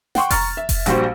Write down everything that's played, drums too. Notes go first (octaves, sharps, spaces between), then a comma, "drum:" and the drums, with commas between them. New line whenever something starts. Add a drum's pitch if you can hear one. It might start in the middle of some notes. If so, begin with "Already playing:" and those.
F#5 G5 C6 C#6, drum: snare
A#5 C#6 F6 A6, drum: kick F1, open hi-hat
E5
drum: kick F1, open hi-hat
A#1 G3 F#4 C5, drum: hi-hat